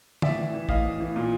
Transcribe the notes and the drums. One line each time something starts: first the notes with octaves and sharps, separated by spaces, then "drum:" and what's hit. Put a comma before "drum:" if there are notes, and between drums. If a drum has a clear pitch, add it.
A2 D5 E5, drum: tom
E3
E3
A2 D#5 F5, drum: kick
A2
E3
A#2